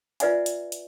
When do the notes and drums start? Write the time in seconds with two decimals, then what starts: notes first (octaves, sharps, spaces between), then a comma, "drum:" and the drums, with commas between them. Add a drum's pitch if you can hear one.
0.20 F4 B4 D5 E5 F#5 G#5, drum: hi-hat
0.46 drum: hi-hat
0.72 drum: hi-hat